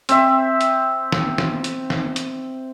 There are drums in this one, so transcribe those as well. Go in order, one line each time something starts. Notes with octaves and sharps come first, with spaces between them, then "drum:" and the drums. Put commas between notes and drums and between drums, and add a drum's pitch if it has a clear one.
C4 E5, drum: hi-hat
drum: hi-hat
drum: snare
drum: snare
drum: hi-hat
drum: snare
drum: hi-hat